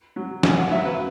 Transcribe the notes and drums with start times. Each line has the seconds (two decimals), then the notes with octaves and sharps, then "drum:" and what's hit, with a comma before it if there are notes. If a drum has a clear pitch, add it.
0.16 F#3
0.43 F#2 G#5, drum: snare
0.58 F#5
0.71 F#3 E5
0.85 B4